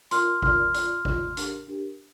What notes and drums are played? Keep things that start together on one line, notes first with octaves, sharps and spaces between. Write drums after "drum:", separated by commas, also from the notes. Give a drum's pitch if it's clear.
F4 A#4 D5 C6 F6, drum: hi-hat
F4 A#4 D5 C6 F6, drum: kick G#1
F4 D5, drum: hi-hat
F4 D5, drum: kick G#1
D4 G4 A#4, drum: hi-hat
D4 G4 A#4